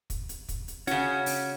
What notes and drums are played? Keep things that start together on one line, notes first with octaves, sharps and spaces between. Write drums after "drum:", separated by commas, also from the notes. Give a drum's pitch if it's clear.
drum: kick, hi-hat
drum: hi-hat
drum: kick, hi-hat
drum: hi-hat
C#3 C#4 F#4, drum: hi-hat
drum: open hi-hat